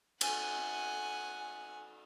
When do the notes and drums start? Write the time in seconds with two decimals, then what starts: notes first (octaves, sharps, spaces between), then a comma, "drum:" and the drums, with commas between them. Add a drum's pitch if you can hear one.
0.21 F#5 G#5, drum: cymbal